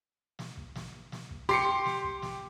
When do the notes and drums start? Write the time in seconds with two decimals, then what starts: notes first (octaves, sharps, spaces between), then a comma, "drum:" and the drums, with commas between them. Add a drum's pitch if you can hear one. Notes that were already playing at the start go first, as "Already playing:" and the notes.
0.39 drum: snare
0.57 drum: kick
0.75 drum: snare
1.12 drum: snare
1.31 drum: kick
1.49 G4 C6 C7 C#7, drum: snare
1.86 drum: snare
2.04 drum: kick
2.22 drum: snare